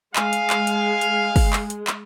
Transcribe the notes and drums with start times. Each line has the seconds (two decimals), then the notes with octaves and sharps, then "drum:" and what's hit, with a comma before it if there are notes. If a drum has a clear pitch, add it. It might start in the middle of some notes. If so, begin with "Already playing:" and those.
0.16 G#3 F5 G#5, drum: clap
0.33 drum: hi-hat
0.50 drum: clap
0.67 drum: hi-hat
1.01 drum: hi-hat
1.36 drum: kick, open hi-hat
1.53 drum: clap
1.70 drum: hi-hat
1.87 drum: clap